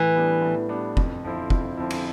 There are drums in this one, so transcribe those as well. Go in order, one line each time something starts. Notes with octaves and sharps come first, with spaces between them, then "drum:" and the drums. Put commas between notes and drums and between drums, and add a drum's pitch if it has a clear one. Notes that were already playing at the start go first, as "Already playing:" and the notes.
Already playing: A2 E3
G3 B3 D4
A2
G3 B3 D4
F2, drum: kick
D3 F3 C4 E4
F2, drum: kick
D3 F3 C4 E4
drum: cymbal